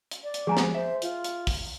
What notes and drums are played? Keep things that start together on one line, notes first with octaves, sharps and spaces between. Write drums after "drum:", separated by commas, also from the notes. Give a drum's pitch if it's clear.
drum: hi-hat
D5
drum: hi-hat
F3 G#3 G#4 G#5 A#5
drum: snare
C5 E5
F4, drum: hi-hat
drum: hi-hat
drum: kick, open hi-hat